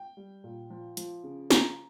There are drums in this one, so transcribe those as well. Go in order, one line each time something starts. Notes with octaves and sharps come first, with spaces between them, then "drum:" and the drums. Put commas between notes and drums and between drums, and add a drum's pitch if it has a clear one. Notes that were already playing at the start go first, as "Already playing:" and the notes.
Already playing: G5
G3
A#2
F3
F3, drum: hi-hat
C#3
F3 A#5, drum: snare